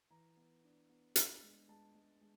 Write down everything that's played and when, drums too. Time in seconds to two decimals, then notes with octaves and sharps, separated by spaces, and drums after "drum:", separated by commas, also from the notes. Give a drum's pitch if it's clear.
0.10 E3 A#5
0.37 B3
0.64 D4
0.89 B3
1.16 D4, drum: hi-hat
1.42 G#3
1.69 G#3 A5
1.95 G#3
2.21 G#3